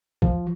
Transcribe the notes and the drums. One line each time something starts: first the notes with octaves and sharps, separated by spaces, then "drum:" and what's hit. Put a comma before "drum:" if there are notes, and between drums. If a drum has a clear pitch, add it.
F3, drum: kick A#1